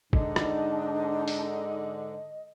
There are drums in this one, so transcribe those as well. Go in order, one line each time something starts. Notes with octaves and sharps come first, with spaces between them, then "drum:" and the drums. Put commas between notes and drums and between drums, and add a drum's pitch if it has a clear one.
G#2 D3 D4 D#4 D#5, drum: kick
drum: rim click
drum: open hi-hat